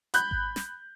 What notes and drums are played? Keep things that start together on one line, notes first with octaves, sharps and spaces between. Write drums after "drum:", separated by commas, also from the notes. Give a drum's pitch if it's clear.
B5 F#6 G6, drum: hi-hat
drum: kick G#1
drum: snare